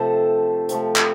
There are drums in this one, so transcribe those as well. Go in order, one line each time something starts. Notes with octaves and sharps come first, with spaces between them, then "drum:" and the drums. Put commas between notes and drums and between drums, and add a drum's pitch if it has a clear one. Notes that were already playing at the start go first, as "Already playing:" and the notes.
Already playing: C3 F3 A3 A4 C5
C3 F3 A3, drum: hi-hat
drum: clap